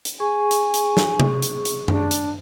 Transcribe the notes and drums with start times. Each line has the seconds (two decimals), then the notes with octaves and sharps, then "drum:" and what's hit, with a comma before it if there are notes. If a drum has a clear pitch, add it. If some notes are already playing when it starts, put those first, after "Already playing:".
0.05 drum: hi-hat
0.20 G#4 G#5 C#6
0.51 drum: hi-hat
0.74 drum: hi-hat
0.97 drum: snare
1.20 drum: tom C3
1.42 drum: hi-hat
1.65 drum: hi-hat
1.88 D4, drum: tom F#2
2.11 drum: hi-hat